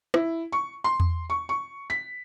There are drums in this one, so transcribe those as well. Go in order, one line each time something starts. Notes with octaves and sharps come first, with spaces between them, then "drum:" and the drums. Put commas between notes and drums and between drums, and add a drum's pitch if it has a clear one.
E4, drum: rim click
C#6
C6
drum: tom E2
C#6
C#6
B6